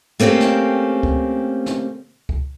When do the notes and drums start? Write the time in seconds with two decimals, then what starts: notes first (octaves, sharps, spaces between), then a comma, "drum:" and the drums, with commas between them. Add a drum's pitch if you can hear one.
0.20 A3 A#3 C4 C#4 G4
0.40 drum: snare
1.03 drum: kick C#2
1.66 drum: snare
2.29 drum: kick C#2